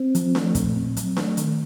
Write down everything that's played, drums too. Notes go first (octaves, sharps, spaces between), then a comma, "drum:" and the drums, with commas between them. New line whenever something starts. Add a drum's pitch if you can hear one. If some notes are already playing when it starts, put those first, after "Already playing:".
Already playing: C4
F3, drum: hi-hat
A3, drum: snare D4
A#2, drum: kick, hi-hat
C4
F#3, drum: hi-hat
A3, drum: snare D4
D#3, drum: hi-hat